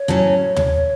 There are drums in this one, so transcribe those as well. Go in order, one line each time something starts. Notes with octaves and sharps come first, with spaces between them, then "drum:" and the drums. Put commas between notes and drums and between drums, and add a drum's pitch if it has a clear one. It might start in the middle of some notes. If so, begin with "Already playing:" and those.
Already playing: C#5
A2 F#3 C#4
drum: tom